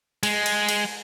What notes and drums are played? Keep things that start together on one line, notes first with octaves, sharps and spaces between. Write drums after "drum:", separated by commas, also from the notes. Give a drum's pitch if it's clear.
G#3, drum: cymbal
drum: cymbal
drum: cymbal